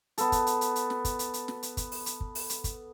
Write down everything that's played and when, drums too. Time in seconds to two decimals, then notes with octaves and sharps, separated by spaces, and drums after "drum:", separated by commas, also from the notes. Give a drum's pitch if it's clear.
0.18 B3 A4, drum: hi-hat
0.32 drum: kick, hi-hat
0.47 drum: hi-hat
0.61 drum: hi-hat
0.76 drum: hi-hat
0.90 drum: snare
1.05 drum: kick, hi-hat
1.19 drum: hi-hat
1.34 drum: hi-hat
1.48 drum: snare
1.63 drum: hi-hat
1.77 drum: kick, hi-hat
1.92 drum: open hi-hat
2.06 drum: hi-hat
2.21 drum: kick
2.35 drum: open hi-hat
2.50 drum: hi-hat
2.64 drum: kick, hi-hat